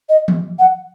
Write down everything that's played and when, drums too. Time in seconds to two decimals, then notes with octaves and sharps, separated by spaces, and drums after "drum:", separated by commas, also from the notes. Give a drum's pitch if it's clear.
0.09 D#5
0.28 drum: tom E3
0.59 F#5